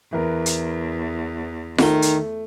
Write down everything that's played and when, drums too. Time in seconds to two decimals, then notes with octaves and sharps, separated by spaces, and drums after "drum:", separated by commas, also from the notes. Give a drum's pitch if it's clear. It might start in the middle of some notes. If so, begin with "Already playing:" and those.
0.13 E2 E3 A#4
0.46 drum: hi-hat
1.78 D#3 A3 G7, drum: snare F4
2.02 drum: hi-hat